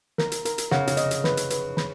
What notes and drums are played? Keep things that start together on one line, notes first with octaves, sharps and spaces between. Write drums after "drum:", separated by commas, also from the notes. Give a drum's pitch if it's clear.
A#4, drum: snare
drum: hi-hat
A#4, drum: hi-hat
drum: hi-hat
C#3 F#5, drum: snare
C#3, drum: hi-hat
D#5, drum: hi-hat
drum: hi-hat
B4, drum: snare
drum: hi-hat
B4, drum: hi-hat
B5, drum: snare